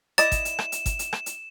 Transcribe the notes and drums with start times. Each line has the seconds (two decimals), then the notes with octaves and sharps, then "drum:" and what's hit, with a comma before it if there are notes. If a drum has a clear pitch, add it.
0.18 E4 D5 D#5 A6 E7, drum: hi-hat
0.32 drum: kick G1, hi-hat
0.45 drum: hi-hat
0.59 drum: rim click
0.72 drum: hi-hat
0.86 drum: kick G1, hi-hat
0.99 drum: hi-hat
1.13 drum: rim click
1.26 drum: hi-hat